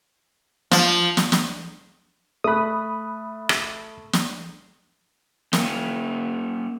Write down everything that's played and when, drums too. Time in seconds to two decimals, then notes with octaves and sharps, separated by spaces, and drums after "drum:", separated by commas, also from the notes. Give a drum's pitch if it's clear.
0.71 F3, drum: snare
1.17 drum: snare
1.32 drum: snare
2.44 A3 B5 D#6 F#6
3.49 drum: rim click
4.13 drum: snare
5.53 A#3 C#4, drum: snare